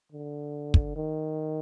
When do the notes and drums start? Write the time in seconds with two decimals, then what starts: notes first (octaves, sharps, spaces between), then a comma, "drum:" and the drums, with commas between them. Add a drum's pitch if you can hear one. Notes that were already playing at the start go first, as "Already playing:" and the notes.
0.12 D3
0.74 drum: kick
0.96 D#3